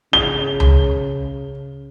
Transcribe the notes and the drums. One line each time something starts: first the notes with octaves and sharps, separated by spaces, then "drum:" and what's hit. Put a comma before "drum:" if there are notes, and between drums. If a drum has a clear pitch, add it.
C#3 G7
drum: tom C#2